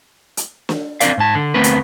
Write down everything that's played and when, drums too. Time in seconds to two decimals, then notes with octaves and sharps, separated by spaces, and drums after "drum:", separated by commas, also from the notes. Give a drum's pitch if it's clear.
0.37 drum: hi-hat
0.69 drum: snare
1.00 C4 D4 A#4 D5 F5, drum: hi-hat
1.18 G#2 A5
1.35 D3
1.54 D2 A3 B3 C4 A#4 B4
1.64 drum: hi-hat